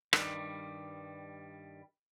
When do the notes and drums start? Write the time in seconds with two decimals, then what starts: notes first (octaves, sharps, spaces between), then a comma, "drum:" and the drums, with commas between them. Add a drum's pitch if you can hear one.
0.13 G2 D#3 G3, drum: rim click